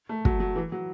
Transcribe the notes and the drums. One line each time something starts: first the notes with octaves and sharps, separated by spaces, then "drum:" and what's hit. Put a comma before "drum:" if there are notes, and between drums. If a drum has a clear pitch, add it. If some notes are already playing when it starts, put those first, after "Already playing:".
A3
F#3, drum: kick
F#3
E3
F#3